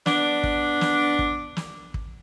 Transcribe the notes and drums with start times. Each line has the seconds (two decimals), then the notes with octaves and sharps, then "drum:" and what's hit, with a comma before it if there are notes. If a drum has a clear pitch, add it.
0.06 B3 D4, drum: snare
0.44 drum: kick
0.81 drum: snare
1.19 drum: kick
1.57 drum: snare
1.94 drum: kick